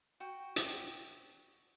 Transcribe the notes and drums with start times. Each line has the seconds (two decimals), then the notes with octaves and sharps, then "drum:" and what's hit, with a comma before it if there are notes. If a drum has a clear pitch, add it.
0.20 F#4 G5
0.56 drum: hi-hat